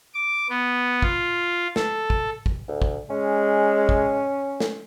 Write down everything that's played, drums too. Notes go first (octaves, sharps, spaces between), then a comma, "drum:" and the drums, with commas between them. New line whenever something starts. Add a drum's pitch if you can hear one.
D6
B3
F4, drum: kick
A4, drum: snare
drum: kick
drum: kick
D2
drum: kick
G#3 C#4
drum: kick
drum: snare